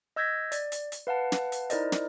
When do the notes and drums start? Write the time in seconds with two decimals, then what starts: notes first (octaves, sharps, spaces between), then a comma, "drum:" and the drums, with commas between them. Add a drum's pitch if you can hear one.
0.16 D#5 E6 G6 G#6 A#6 B6
0.52 D5, drum: hi-hat
0.72 drum: hi-hat
0.92 drum: hi-hat
1.07 B4 F5 F#5 A5
1.32 drum: snare
1.52 drum: hi-hat
1.70 D#4 E4 A#4 C5 D5 D#5, drum: hi-hat
1.92 drum: snare